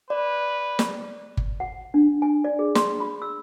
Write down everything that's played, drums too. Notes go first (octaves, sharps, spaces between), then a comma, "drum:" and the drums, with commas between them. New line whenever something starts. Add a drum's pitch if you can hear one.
B4 D5
drum: snare
drum: kick G1
F#5
D4
G#5
D5
G#4
C6, drum: snare
B5
E6